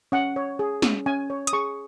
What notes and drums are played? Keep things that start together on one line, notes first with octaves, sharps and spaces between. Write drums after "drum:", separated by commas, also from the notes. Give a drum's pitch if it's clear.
C#4 F#5
C#5
G#4
C#4, drum: snare
C#4 G#5
C#5
D#6, drum: hi-hat
G#4 C#6